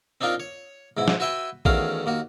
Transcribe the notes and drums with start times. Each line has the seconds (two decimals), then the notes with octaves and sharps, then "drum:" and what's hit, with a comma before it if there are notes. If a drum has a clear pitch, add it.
0.21 C4 D4 D#4 F4 A#4
0.40 C#5
0.97 G#2 B2 E4
1.08 drum: snare
1.20 F#4 B4 E5 G5 G#5
1.65 E2 D#3 A3 C#4 F#4 F5, drum: kick A#1
2.06 D#2 A#3 F#4